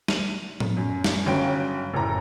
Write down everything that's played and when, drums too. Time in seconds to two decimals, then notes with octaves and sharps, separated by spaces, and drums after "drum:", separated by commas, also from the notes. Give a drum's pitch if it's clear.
0.08 D#7 F7 F#7, drum: snare
0.60 drum: tom
0.77 F#2
1.04 drum: snare
1.26 G1 C#3 F#3 C#4 G5 D7
1.94 F#1 A2 A#5